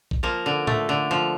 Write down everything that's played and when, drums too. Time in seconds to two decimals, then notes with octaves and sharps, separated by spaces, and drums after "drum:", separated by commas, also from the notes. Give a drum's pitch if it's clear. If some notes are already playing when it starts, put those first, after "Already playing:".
0.11 drum: kick A#1
0.23 F3 A#3
0.46 D3
0.67 A3, drum: tom
0.89 D3
1.11 F3